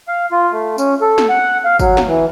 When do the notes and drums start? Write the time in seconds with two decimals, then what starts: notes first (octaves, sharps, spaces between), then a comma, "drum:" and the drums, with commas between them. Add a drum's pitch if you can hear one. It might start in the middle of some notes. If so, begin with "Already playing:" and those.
0.08 F5
0.32 F4
0.52 A3
0.78 C#4, drum: tambourine
1.01 A4
1.18 drum: snare
1.29 F#5
1.65 F5
1.79 F#3, drum: kick, tambourine
1.97 drum: snare
2.07 E3